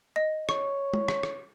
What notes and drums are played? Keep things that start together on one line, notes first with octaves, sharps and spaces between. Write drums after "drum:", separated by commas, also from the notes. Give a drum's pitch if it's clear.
D#5
C#5 C#6, drum: rim click
drum: tom G#3
drum: rim click
drum: rim click